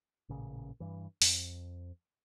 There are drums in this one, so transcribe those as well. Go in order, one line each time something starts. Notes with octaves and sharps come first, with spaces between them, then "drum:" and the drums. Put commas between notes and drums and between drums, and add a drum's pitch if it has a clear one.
A1 A#2 C#3
G2 E3
F2, drum: open hi-hat